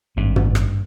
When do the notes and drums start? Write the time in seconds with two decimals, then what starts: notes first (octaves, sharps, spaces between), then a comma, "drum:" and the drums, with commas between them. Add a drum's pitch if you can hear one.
0.17 G#1 G2
0.36 drum: tom
0.55 drum: rim click